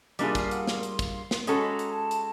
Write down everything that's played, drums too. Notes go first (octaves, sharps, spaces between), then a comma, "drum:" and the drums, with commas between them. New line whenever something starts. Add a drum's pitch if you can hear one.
G3 A#3 D4 F4 G#4 E5, drum: hi-hat
F5, drum: kick, hi-hat
F#5, drum: hi-hat
C6, drum: snare
drum: hi-hat
drum: kick, hi-hat
drum: snare
G#3 C#4 F#4 A4 B5, drum: hi-hat
A#5
drum: hi-hat
A5
drum: hi-hat